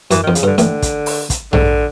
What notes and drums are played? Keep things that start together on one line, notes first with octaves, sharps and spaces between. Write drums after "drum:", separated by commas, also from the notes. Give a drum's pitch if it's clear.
F#2 E3, drum: hi-hat
D#3
F2
C#3, drum: hi-hat
G2 D3
A1 A2 D3, drum: hi-hat
drum: kick, hi-hat
drum: open hi-hat
drum: kick, hi-hat
G#2 D3, drum: tom A#1